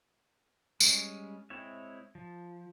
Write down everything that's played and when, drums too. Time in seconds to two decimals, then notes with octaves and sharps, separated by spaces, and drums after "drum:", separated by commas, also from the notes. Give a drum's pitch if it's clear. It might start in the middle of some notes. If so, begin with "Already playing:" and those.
0.80 G3 G#3 C#4, drum: tambourine
1.50 G#3 C4 E4 C#5 E5
2.15 F3